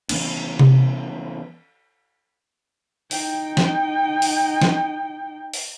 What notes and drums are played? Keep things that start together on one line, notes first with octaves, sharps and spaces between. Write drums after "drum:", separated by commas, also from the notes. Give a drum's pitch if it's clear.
E3 B3 C#4, drum: cymbal
drum: tom C3
D#4 G5, drum: open hi-hat
drum: snare
drum: open hi-hat
drum: snare
drum: open hi-hat